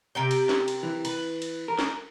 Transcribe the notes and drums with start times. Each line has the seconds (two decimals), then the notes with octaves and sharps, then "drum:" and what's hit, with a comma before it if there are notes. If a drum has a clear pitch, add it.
0.15 C3 A#4 G5
0.31 drum: cymbal
0.49 drum: snare
0.68 drum: cymbal
0.83 E3
1.05 B4, drum: cymbal
1.42 drum: cymbal
1.68 A#4
1.79 drum: snare